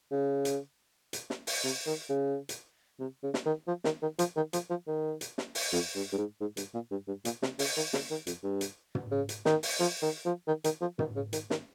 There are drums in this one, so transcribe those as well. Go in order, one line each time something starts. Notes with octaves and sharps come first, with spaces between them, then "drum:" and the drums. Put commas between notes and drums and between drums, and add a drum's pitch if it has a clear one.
C#3
drum: hi-hat
drum: hi-hat
drum: snare
drum: open hi-hat
C3
D#3
C#3
drum: hi-hat
C3
C#3
drum: snare
D#3
F3
D#3, drum: snare
D#3
F3, drum: hi-hat
D#3
F3, drum: hi-hat
F3
D#3
drum: hi-hat
drum: snare
drum: open hi-hat
F2
G2
G2
G#2
G#2
G2, drum: hi-hat
A#2
G2
G2
A#2, drum: hi-hat
C3, drum: snare
C#3, drum: open hi-hat
D#3
C#3, drum: snare
D#3
F2, drum: hi-hat
G2
drum: hi-hat
drum: tom
C#3
drum: hi-hat
D#3, drum: snare
drum: open hi-hat
F3
D#3
F3
D#3
D#3, drum: hi-hat
F3
D#3, drum: tom
C#3
D#3, drum: hi-hat
D#3, drum: snare